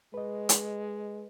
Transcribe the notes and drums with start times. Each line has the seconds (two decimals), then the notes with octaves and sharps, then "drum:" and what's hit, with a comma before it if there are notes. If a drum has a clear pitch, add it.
0.14 G#3 B4 D#5
0.49 drum: hi-hat